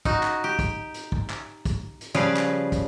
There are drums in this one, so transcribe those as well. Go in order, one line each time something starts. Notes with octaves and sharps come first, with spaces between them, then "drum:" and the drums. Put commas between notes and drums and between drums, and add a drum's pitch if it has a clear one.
D#4 F#4, drum: kick
drum: clap
G4
drum: kick, hi-hat
drum: hi-hat
drum: kick
drum: clap
drum: kick, hi-hat
drum: hi-hat
C#3 F3 G3 G#4 B4 F5
drum: clap
drum: kick, hi-hat